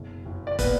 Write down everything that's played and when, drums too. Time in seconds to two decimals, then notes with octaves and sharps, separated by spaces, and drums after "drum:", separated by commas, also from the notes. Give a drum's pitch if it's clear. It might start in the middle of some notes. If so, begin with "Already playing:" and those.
Already playing: F#1 B2
0.25 F#1
0.47 D5
0.59 A#2 B3 B4, drum: kick, hi-hat